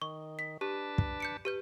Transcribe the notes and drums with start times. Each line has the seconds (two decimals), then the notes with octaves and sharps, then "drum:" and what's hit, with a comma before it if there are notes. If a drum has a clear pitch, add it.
0.02 D#3 C#6
0.39 B6
0.61 D4 G4 B4 A5
0.98 drum: kick
1.20 G6 C#7 D7
1.45 G4 B4 G6